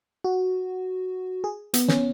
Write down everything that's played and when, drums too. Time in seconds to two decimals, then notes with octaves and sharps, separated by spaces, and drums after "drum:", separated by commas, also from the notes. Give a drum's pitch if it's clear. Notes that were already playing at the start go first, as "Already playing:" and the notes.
0.24 F#4
1.44 G#4
1.74 B3, drum: hi-hat
1.88 C#4, drum: snare